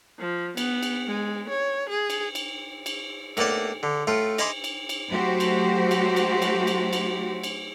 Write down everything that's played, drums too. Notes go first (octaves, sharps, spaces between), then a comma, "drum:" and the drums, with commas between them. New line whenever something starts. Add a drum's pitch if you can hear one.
F3
B3, drum: cymbal
drum: cymbal
G#3
C#5
G#4
drum: cymbal
drum: cymbal
drum: cymbal
A2 A#3 B3 D5 A5, drum: cymbal
D3
A2 A3 F4 F5
D#5 E5 G#5 B5 C6 D6, drum: cymbal
drum: cymbal
drum: cymbal
F#3 A3 F#4 G4 C5
drum: cymbal
drum: cymbal
drum: cymbal
drum: cymbal
drum: cymbal
drum: cymbal
drum: cymbal